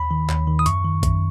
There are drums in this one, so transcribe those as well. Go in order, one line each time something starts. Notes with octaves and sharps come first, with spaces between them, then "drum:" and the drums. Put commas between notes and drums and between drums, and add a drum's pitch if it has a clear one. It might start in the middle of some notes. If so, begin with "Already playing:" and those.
Already playing: D#2 B5
D#3
D#2, drum: clap
D#3
D#6
F#2 C#6, drum: hi-hat
D#3
F#2, drum: kick A#1, hi-hat